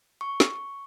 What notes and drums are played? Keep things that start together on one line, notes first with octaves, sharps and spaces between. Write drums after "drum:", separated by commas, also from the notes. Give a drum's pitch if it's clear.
C#6
drum: snare